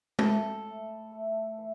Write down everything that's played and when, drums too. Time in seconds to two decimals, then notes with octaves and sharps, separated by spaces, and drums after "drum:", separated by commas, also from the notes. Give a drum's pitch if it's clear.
0.19 A2 A4, drum: tom G#3
0.65 A2
1.12 A3
1.58 E3